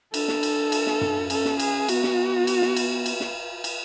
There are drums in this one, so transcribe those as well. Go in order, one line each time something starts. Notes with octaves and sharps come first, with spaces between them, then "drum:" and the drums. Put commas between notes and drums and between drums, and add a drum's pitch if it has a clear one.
D4 A4, drum: cymbal
drum: snare
drum: cymbal
drum: cymbal
drum: snare
drum: tom F#2
C#4 A4, drum: cymbal
drum: snare
G#4, drum: cymbal
B3 F#4, drum: cymbal
drum: snare
drum: cymbal
drum: snare
drum: cymbal
drum: cymbal
drum: snare
drum: cymbal